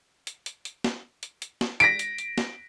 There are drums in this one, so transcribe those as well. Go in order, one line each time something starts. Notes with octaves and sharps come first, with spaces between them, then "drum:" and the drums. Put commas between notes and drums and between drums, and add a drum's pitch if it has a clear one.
drum: hi-hat
drum: hi-hat
drum: hi-hat
drum: snare
drum: hi-hat
drum: hi-hat
drum: snare
A#6 B6 D7, drum: hi-hat
drum: hi-hat
drum: hi-hat
drum: snare